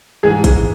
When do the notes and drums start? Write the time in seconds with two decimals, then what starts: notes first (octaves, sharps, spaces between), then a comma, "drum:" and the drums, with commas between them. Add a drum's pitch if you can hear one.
0.23 G#2 E3 G#3 G#4
0.44 drum: kick A1, hi-hat